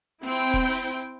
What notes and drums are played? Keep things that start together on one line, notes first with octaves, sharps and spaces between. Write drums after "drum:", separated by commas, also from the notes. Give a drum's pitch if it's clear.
C4 E4 G5, drum: hi-hat
drum: hi-hat
drum: kick E1, hi-hat
drum: open hi-hat
drum: hi-hat
drum: hi-hat